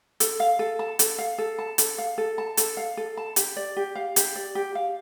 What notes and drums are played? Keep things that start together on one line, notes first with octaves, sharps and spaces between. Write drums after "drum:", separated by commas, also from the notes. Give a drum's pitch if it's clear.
A4, drum: hi-hat
F5
A4
A5
A4, drum: hi-hat
F5
A4
A5
A4, drum: hi-hat
F5
A4
A5
A4, drum: hi-hat
F5
A4
A5
G4, drum: hi-hat
D5
G4
F5
G4, drum: hi-hat
D5
G4
F5